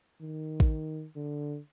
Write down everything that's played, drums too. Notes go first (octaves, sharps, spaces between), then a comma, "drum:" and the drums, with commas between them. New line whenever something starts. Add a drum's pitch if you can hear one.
D#3
drum: kick A1
D3